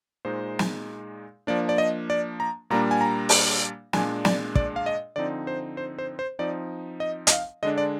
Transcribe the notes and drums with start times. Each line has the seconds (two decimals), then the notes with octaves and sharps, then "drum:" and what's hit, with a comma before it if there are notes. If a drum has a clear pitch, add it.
0.25 A#2 G#3 D#4 C5
0.59 drum: snare
1.47 F3 A#3 D4 D5
1.69 D5
1.78 D#5
2.10 D5
2.40 A#5
2.70 A#2 G3 A#3 D4 A#5
2.91 G#5
3.01 A#5
3.29 drum: open hi-hat
3.93 A#2 G#3 D4 G#5, drum: snare
4.25 D5, drum: snare
4.55 D5, drum: kick
4.76 F5
4.86 D#5
5.16 D3 F3 C4 D#4 D5
5.47 C5
5.77 C5
5.99 C5
6.19 C5
6.39 F3 C4 D#4 D5
7.00 D#5
7.27 D#5, drum: hi-hat
7.32 F5
7.63 D3 G#3 D4 D#5
7.78 D5